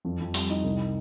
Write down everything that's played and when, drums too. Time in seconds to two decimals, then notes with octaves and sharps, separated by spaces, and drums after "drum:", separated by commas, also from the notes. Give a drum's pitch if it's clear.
0.05 F2
0.20 F2
0.34 G3, drum: open hi-hat
0.50 D#4
0.64 C2